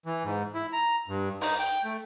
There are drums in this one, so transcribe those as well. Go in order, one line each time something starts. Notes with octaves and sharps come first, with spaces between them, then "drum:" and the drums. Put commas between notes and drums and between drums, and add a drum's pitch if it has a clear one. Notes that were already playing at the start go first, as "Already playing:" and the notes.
E3
G#2
E4
A#5
G2
D#4, drum: open hi-hat
G5
A3